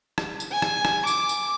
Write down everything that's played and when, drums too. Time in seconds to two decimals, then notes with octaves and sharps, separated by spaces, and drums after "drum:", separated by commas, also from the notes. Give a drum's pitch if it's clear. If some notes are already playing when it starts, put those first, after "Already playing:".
0.18 drum: rim click
0.40 drum: tambourine
0.52 G#5
0.62 drum: rim click
0.85 drum: rim click
1.07 D6, drum: tambourine
1.29 drum: tambourine